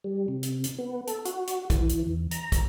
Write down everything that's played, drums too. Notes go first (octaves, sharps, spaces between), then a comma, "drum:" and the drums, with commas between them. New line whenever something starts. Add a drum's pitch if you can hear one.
G3
C3
drum: hi-hat
drum: hi-hat
B3
A4, drum: hi-hat
F#4, drum: hi-hat
drum: hi-hat
E3, drum: kick, hi-hat
drum: hi-hat
E2
A#5, drum: hi-hat
drum: kick, hi-hat